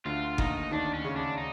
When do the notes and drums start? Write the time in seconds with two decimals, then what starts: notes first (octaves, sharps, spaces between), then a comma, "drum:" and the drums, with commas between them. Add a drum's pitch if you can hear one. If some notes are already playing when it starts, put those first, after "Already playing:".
0.05 D2 D3 F4
0.38 D#2 D#3 D#4, drum: kick G1
0.71 D#2 D#3 D4
0.93 C#4
1.04 C#3
1.16 D4
1.38 D#4